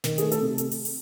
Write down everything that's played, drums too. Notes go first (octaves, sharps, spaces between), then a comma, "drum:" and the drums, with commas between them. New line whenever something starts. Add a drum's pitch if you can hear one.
D#3, drum: snare
G#4, drum: hi-hat
A3
A4, drum: hi-hat
C3
drum: hi-hat
drum: open hi-hat
drum: open hi-hat